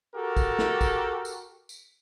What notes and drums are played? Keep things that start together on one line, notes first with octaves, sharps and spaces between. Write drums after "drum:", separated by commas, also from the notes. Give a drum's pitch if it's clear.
F#4 G4 A4 A#4
drum: kick, tambourine
drum: snare
drum: kick, tambourine
drum: tambourine
drum: tambourine